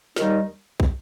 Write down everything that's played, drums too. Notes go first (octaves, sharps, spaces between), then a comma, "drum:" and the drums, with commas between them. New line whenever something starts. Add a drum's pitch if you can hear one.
D#2 D#3 G3 D#4, drum: snare
drum: kick